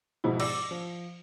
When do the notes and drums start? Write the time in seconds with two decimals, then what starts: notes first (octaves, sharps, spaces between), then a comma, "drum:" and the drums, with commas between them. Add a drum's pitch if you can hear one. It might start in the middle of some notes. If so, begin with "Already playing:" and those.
0.24 G#2 B2 F3 E4
0.40 D5 D6 E6 A#6, drum: cymbal
0.71 F3